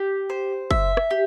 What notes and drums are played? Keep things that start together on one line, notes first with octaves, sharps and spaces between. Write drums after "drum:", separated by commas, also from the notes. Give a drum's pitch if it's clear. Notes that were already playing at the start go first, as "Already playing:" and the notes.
Already playing: G4
C5
E5, drum: kick
drum: rim click
G4